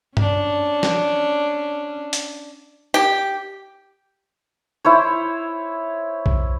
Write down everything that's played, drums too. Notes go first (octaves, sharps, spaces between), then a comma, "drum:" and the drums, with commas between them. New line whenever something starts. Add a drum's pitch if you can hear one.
C#4 D4, drum: tom G2
drum: snare
drum: hi-hat
G4
E4 C5 C#5
drum: kick B1